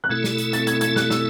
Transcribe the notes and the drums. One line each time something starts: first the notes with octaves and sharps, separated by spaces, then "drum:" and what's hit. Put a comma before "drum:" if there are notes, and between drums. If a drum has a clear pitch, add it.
F#6
B2 A3 E4 A4 G#6
drum: snare
drum: hi-hat
A6, drum: hi-hat
G#6, drum: hi-hat
G#6, drum: hi-hat
F#6, drum: snare
E6, drum: snare